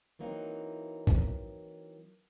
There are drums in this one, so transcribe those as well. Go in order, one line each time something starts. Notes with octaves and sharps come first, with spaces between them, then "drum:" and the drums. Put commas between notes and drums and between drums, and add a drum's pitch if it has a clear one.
E3 F#3 A#3 C4 D#4
drum: kick